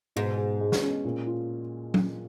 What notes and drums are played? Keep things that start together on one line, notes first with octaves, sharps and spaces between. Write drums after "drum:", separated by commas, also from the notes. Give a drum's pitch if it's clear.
G#2 B2
G#4
G#3
drum: snare
C#4
A#2
F4
drum: tom F#3